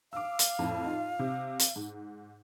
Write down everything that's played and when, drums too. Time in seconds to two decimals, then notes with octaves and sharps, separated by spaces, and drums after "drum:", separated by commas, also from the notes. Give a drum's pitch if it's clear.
0.13 F5 D6 E6
0.39 drum: hi-hat
0.59 F2 A2
0.85 D#4 F4
1.19 C3
1.59 drum: hi-hat
1.76 G#2